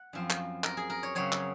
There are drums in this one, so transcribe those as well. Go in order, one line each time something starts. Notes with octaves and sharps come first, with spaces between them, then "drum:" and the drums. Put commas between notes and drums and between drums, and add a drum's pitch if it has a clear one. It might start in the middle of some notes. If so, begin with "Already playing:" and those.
Already playing: F#5
F#2 F3 C4
drum: clap
A#4, drum: clap
G#4
A#4
C#5
C#3 F#3 C4 C#5
drum: clap